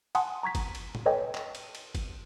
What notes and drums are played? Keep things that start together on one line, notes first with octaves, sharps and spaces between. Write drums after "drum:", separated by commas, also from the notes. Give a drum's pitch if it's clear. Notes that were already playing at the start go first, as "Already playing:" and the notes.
F#5 G#5 A5 C6 D#6, drum: cymbal
A#5 C#6 G#6 B6
drum: kick G1, cymbal
drum: cymbal
drum: tom
A4 B4 C#5 D#5 G5 G#5
drum: clap
drum: cymbal
drum: cymbal
drum: kick G1, cymbal